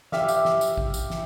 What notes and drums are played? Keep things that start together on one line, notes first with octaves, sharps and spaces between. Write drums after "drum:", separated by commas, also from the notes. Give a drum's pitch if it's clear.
G4 E5 F5, drum: snare
drum: tambourine
drum: snare
drum: tambourine
drum: kick A1
drum: tambourine
drum: snare